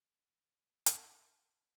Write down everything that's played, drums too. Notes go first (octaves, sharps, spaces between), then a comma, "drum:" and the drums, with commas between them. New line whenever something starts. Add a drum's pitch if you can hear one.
C4
D4
drum: hi-hat